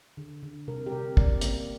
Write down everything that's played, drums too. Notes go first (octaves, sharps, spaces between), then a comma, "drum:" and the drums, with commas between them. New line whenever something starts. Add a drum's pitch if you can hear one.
D3
D3
C3 A#4
G4
C3 A#4
C3 D5, drum: kick
A#3 F4, drum: hi-hat